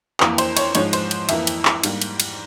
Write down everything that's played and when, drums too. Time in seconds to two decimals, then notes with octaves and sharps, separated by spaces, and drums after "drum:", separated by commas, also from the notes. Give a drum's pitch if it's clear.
0.20 F2 E3 A#3 A#4, drum: clap
0.38 C5, drum: cymbal
0.57 C#5, drum: cymbal
0.75 G#2 F3 G#3 C#5, drum: cymbal
0.93 C5, drum: cymbal
1.11 drum: cymbal
1.29 F2 E3 A#3 E5, drum: cymbal
1.47 drum: cymbal
1.65 drum: clap
1.84 G#2 G3 A#3, drum: cymbal
2.02 drum: cymbal
2.20 drum: cymbal